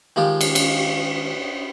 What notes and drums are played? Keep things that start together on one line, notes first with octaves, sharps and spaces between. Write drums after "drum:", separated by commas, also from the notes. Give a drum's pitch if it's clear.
D#3 F3 G#3 F4 G4
drum: cymbal
drum: cymbal